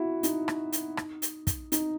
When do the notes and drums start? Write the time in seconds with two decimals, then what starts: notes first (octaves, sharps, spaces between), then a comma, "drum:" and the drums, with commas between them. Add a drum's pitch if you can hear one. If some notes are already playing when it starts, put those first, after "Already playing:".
Already playing: E4 F#4
0.23 D#4, drum: hi-hat
0.48 drum: rim click
0.73 drum: hi-hat
0.97 drum: rim click
1.22 drum: hi-hat
1.47 drum: kick, hi-hat
1.72 D#4, drum: hi-hat